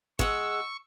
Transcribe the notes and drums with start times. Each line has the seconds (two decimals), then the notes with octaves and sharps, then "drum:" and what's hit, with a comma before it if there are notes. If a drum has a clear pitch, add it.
0.19 G#3 F#5 C#6 E6, drum: kick